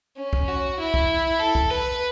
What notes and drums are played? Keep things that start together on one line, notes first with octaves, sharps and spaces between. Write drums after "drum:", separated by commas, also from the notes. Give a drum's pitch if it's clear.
C#4
drum: kick B1
F#4
E4
drum: kick B1
A4
drum: kick B1
B4